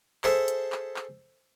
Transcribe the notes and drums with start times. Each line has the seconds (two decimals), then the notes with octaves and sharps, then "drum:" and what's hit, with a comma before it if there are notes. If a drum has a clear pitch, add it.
0.24 G#4 A4 C5 E5, drum: clap
0.48 drum: hi-hat
0.72 drum: clap
0.96 drum: clap